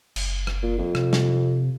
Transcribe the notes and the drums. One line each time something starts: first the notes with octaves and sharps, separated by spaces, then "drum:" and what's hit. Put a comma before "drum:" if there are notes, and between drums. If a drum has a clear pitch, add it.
F#1, drum: cymbal
drum: rim click
A#2
F2
C3, drum: rim click
drum: snare